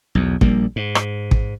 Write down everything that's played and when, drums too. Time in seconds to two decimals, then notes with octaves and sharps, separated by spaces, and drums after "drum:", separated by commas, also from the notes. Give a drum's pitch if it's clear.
0.15 B1 E2
0.41 A#1 G3 A#3, drum: kick
0.76 G#2
0.95 drum: rim click
1.31 drum: kick